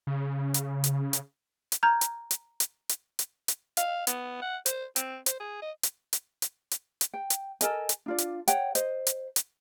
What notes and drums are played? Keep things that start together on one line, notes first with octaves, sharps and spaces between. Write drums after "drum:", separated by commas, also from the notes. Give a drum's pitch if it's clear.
C#3
drum: hi-hat
drum: hi-hat
drum: hi-hat
drum: hi-hat
A#5 F6 G6 G#6
drum: hi-hat
drum: hi-hat
drum: hi-hat
drum: hi-hat
drum: hi-hat
drum: hi-hat
F5, drum: hi-hat
B3, drum: hi-hat
F#5
C5, drum: hi-hat
C4, drum: hi-hat
C5, drum: hi-hat
G#4
D#5
drum: hi-hat
drum: hi-hat
drum: hi-hat
drum: hi-hat
drum: hi-hat
G5
drum: hi-hat
A4 A#4 D#5 G#5, drum: hi-hat
drum: hi-hat
D4 F4 D5
drum: hi-hat
C#5 F#5 G5, drum: hi-hat
C5 D#5, drum: hi-hat
drum: hi-hat
drum: hi-hat